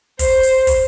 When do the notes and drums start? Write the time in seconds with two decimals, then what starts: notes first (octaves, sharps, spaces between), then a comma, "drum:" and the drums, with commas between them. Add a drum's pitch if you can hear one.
0.19 C5, drum: kick, hi-hat
0.43 drum: hi-hat
0.67 drum: kick, hi-hat